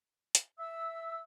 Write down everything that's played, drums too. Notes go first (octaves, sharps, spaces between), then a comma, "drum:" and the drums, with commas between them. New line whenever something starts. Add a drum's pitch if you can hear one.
drum: hi-hat
E5 E6